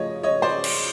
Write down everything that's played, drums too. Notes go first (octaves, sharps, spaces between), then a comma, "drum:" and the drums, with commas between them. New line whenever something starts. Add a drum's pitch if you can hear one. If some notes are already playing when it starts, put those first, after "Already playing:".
Already playing: C#3 F3 A3 C#5 D#5
C#5 D#5
C5 D5
drum: cymbal